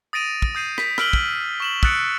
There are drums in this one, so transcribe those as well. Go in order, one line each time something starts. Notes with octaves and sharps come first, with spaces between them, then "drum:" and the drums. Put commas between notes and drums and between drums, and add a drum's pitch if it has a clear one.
D#6 A6 A#6 D7 D#7 F7
drum: kick
D#6 G6 C7 D#7
B6, drum: rim click
E6 F6 B6 D7 F#7 G7, drum: rim click
drum: kick
C#6 E7 F#7
D#6 E6 F#6 A6 C#7 D7, drum: kick